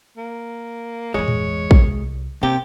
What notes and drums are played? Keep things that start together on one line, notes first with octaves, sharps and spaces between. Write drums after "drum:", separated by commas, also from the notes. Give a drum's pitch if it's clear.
A#3
G1 E2 G#3 C#5
drum: tom A2
C2, drum: kick
C3 A#3 G4